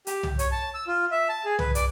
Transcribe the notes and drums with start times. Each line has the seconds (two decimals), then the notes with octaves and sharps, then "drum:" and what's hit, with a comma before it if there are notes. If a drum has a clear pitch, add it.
0.07 G4, drum: hi-hat
0.23 drum: tom C2
0.39 C#5, drum: hi-hat
0.51 A5
0.74 E6
0.87 F4
1.11 E5
1.29 A5
1.45 G#4
1.59 B4, drum: tom C2
1.75 D5, drum: hi-hat